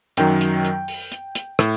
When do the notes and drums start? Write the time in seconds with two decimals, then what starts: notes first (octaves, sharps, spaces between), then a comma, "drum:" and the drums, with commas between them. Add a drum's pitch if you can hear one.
0.17 F#2 D#3 F#3 G5, drum: hi-hat
0.41 drum: hi-hat
0.65 drum: hi-hat
0.88 drum: open hi-hat
1.12 drum: hi-hat
1.35 drum: hi-hat
1.59 A2, drum: rim click